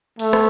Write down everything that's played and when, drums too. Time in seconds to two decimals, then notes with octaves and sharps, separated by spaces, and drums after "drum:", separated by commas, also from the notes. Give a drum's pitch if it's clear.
0.19 A3, drum: cymbal
0.33 drum: rim click